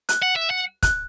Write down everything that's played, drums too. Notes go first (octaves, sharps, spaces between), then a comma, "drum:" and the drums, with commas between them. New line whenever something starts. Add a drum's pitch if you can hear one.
F#6, drum: hi-hat
F#5
E5
F#5
F#6, drum: kick, hi-hat